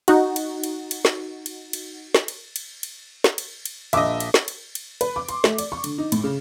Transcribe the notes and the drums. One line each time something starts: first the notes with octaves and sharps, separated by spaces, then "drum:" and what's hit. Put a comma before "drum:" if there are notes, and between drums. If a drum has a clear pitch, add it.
D#4 F#4, drum: cymbal
drum: cymbal
drum: cymbal
drum: cymbal
drum: snare
drum: cymbal
drum: cymbal
drum: snare
drum: cymbal
drum: cymbal
drum: cymbal
drum: snare
drum: cymbal
drum: cymbal
A#1 D#5 E5 D6, drum: cymbal
drum: cymbal
drum: snare
drum: cymbal
drum: cymbal
B4, drum: cymbal
D6
C6, drum: cymbal
A3, drum: snare
D5, drum: cymbal
C#6
D3, drum: cymbal
D#4
A2, drum: cymbal
C#3